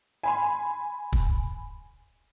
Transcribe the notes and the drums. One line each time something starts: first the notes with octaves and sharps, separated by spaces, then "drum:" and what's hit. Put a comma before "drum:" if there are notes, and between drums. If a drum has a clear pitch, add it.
G#5 B5 C6
drum: kick